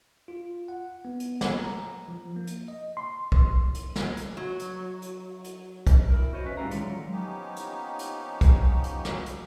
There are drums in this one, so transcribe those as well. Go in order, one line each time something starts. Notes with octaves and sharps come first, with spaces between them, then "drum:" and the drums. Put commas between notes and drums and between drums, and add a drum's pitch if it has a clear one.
F4
F#5
B3
drum: hi-hat
drum: snare
A#5
F3
A#3
drum: hi-hat
D#5
C6
drum: kick B1
drum: hi-hat
drum: snare
drum: hi-hat
F#3
drum: hi-hat
drum: hi-hat
drum: hi-hat
drum: kick B1, hi-hat
E4 A#4
F#4 C5 C#5 D#5
C#4 B4 E5
A2 G3 C#4 A4 F5 A#5
D#3 G#3 A3 F4 C#5 D5, drum: hi-hat
F#3
F3 A#3 B3 C#4 D#4 G4
drum: hi-hat
drum: hi-hat
drum: kick B1, hi-hat
drum: hi-hat
drum: snare
drum: hi-hat